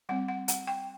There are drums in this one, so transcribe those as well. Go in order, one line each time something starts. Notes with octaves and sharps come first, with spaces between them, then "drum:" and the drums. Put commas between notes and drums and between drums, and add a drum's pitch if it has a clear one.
G3 C4 F#5
F#5
F#5, drum: hi-hat
G5